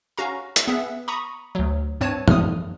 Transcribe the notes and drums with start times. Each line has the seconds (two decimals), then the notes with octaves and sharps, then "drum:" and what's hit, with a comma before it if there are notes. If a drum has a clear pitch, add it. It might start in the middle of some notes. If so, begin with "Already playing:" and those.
0.17 C#4 F#4 F5 A#5
0.56 drum: hi-hat
0.68 B3 G#4 E5 F#5
1.08 A#5 B5 C#6 D#6
1.55 D2 F#3
2.01 G2 C4 C#5 A5 D#7
2.28 D#6 F6, drum: tom